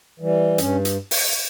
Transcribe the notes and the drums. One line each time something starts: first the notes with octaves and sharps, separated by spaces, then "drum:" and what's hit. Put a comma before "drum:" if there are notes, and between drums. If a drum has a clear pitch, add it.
E3 G3
G2 C#4, drum: hi-hat
drum: hi-hat
drum: open hi-hat